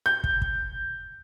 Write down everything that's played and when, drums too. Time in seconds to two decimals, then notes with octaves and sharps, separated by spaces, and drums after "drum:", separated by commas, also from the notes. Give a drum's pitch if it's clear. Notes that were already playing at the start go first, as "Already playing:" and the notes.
0.06 G6
0.24 drum: kick
0.42 drum: kick